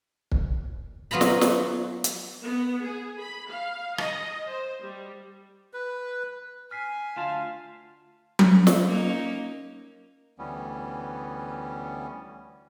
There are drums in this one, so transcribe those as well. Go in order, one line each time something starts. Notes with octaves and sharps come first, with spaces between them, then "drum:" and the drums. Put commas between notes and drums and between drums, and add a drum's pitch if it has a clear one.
drum: kick
F#3 B3 F4 A#5 B5
drum: snare
drum: snare
drum: hi-hat
B3
G#4
B5
F5
D#5, drum: rim click
C5
G3
B4
G#5 F6 B6 C7
D2 F4 F5 A5
drum: tom F#3
drum: snare
A#3 C#4 D#4
D2 E3 G3 B3 C#4